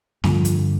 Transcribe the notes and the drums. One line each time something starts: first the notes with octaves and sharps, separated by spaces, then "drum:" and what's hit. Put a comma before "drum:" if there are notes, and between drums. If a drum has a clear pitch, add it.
G2 D3 F3, drum: snare
drum: hi-hat